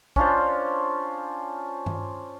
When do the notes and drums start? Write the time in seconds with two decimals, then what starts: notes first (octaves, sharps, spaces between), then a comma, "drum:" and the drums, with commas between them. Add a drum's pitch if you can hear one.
0.16 C#4 D4 F4 C5, drum: kick A#1
1.86 drum: tom G2